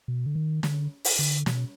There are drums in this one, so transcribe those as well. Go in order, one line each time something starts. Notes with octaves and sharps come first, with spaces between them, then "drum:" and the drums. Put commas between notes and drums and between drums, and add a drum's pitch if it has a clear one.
B2
D3
D#3
D3, drum: snare
drum: open hi-hat
D3
B2, drum: snare